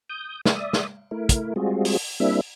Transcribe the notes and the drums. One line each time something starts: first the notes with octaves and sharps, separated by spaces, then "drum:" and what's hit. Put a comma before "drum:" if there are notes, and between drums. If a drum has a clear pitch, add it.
D#6 G6
D5 E5 D#6, drum: snare
drum: snare
A3 E4 A#4
drum: kick, hi-hat
G3 G#3 C4 F4 F#4 G#4
drum: open hi-hat
G3 A#3 C4 D4 E4 E5